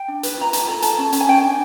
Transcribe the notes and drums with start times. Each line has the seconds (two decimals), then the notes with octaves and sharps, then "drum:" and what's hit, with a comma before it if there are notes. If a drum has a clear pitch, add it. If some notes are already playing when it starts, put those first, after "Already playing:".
Already playing: G5
0.08 D4
0.23 B4, drum: hi-hat
0.37 F4 A#5
0.53 F4 A5, drum: hi-hat
0.67 A4 A#5
0.82 A4 A5, drum: hi-hat
0.98 C#4
1.12 C#4 A5, drum: hi-hat
1.21 G#5
1.27 C#4 G5
1.38 D4 G#5